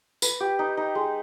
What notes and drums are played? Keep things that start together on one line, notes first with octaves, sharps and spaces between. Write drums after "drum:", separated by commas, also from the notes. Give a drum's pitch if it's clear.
B4, drum: tambourine
G4
D#4
D#4
G#3